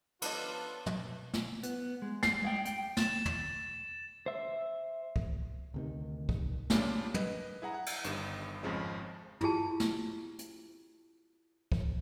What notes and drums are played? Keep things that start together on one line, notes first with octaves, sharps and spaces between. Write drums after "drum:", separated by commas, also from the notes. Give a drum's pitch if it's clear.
F3 B3 D4 F4 A4 B4 C5 D#5, drum: cymbal
drum: tom
drum: snare
B3, drum: hi-hat
G#3
C7, drum: snare
G#3 F5 G5
G5, drum: hi-hat
A6 E7, drum: snare
drum: tom
C5 E5
drum: kick C2
D2 C3 D#3
drum: kick C2
A#2 C#3 G3 C#4 D4 F4, drum: snare
B4 D#5, drum: tom
E4 G#4 F#5 A#5
F#5
drum: cymbal
G1 G2 D#3 E7, drum: hi-hat
G#1 F2 C#3 F3 G#3
E4 F4 G4 G#4 A5, drum: tom
drum: snare
drum: hi-hat
drum: kick C2